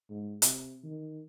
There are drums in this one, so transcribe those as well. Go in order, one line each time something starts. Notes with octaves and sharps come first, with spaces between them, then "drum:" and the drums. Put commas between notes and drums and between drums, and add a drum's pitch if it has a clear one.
G#2
C3, drum: hi-hat
D#3